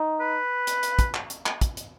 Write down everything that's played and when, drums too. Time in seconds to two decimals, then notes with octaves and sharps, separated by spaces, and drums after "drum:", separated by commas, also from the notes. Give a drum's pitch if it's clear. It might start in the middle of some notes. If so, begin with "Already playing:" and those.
Already playing: D#4
0.20 B4
0.67 drum: hi-hat
0.83 drum: hi-hat
0.99 drum: kick, hi-hat
1.14 drum: clap
1.30 drum: hi-hat
1.46 drum: clap
1.61 drum: kick, hi-hat
1.77 drum: hi-hat